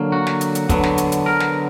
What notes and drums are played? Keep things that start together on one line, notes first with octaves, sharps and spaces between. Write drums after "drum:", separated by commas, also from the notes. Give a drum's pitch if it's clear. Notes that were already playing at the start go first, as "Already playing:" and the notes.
Already playing: D3 F#3 A#3
F#4
drum: snare
drum: hi-hat
drum: hi-hat
D3 F#3 B3, drum: kick, hi-hat
drum: snare
drum: hi-hat
drum: hi-hat
A#4
drum: snare